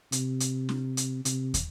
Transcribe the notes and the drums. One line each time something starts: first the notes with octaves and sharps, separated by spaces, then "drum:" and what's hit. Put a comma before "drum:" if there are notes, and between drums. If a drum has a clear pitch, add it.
C3, drum: hi-hat
drum: hi-hat
drum: snare
drum: hi-hat
C3, drum: hi-hat
drum: kick, hi-hat